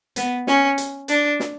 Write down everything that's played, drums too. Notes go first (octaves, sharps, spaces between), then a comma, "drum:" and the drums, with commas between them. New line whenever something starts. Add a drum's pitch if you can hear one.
B3, drum: hi-hat
C#4, drum: snare
drum: hi-hat
D4, drum: hi-hat
drum: snare